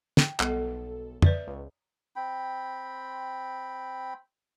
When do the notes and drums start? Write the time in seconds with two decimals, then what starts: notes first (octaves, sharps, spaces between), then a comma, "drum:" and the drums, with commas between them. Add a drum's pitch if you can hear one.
0.17 G5, drum: snare
0.40 B1 G3 B3 A4, drum: clap
1.22 B4 D5 E5, drum: tom
1.47 C#2
2.16 C4 G5 B5